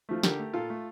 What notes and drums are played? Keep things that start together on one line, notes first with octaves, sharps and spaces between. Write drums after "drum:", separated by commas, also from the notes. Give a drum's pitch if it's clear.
F3 A3
D3 G4 A#4, drum: snare
A3
A#2 F4 A4
A3